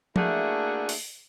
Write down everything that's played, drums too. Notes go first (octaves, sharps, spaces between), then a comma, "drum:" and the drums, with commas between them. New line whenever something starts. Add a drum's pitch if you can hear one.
A3 A#3 D4 E4 F#4 G#4, drum: tom F3
drum: open hi-hat